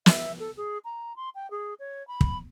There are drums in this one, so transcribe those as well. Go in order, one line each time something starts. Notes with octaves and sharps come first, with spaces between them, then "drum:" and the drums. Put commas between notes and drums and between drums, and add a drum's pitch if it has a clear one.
E5, drum: snare
A4
G#4
A#5
C6
G5
G#4
C#5
B5
drum: kick